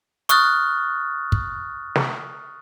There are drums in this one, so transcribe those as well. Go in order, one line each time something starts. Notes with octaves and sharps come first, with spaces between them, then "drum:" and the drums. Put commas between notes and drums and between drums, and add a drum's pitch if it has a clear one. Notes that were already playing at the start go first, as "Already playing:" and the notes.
C#6 D#6 F6 F#6 A6, drum: hi-hat
drum: kick
drum: snare